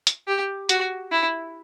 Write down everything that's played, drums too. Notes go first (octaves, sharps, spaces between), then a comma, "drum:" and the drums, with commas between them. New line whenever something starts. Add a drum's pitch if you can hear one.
drum: hi-hat
G4
F#4, drum: hi-hat
E4